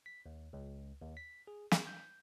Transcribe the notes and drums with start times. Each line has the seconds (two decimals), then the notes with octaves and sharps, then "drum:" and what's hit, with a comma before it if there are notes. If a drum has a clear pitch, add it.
0.06 B6
0.26 D#2
0.53 C#2
1.02 D#2
1.17 B6
1.47 G#4
1.72 G#4, drum: snare
1.87 G6